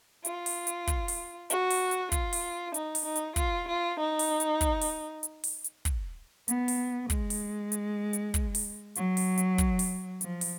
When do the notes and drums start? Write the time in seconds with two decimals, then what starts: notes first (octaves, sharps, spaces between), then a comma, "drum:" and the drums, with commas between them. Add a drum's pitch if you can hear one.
0.25 F4, drum: hi-hat
0.46 drum: open hi-hat
0.67 drum: hi-hat
0.87 drum: kick, hi-hat
1.08 drum: open hi-hat
1.50 F#4, drum: hi-hat
1.70 drum: open hi-hat
1.91 drum: hi-hat
2.12 F4, drum: kick, hi-hat
2.33 drum: open hi-hat
2.74 D#4, drum: hi-hat
2.95 drum: open hi-hat
3.05 D#4
3.16 drum: hi-hat
3.36 F4, drum: kick, hi-hat
3.68 F4
3.99 D#4
4.19 drum: open hi-hat
4.40 drum: hi-hat
4.61 drum: kick, hi-hat
4.81 drum: open hi-hat
5.23 drum: hi-hat
5.44 drum: open hi-hat
5.64 drum: hi-hat
5.85 drum: kick, hi-hat
6.48 B3, drum: hi-hat
6.68 drum: open hi-hat
7.10 G#3, drum: kick, hi-hat
7.30 drum: open hi-hat
7.72 drum: hi-hat
8.13 drum: hi-hat
8.34 drum: kick, hi-hat
8.55 drum: open hi-hat
8.95 F#3, drum: hi-hat
9.17 drum: open hi-hat
9.38 drum: hi-hat
9.58 drum: kick, hi-hat
9.79 drum: open hi-hat
10.21 F3, drum: hi-hat
10.41 drum: open hi-hat